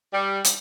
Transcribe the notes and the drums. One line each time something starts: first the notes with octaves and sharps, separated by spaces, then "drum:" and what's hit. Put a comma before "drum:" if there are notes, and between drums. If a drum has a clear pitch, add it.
G3
drum: hi-hat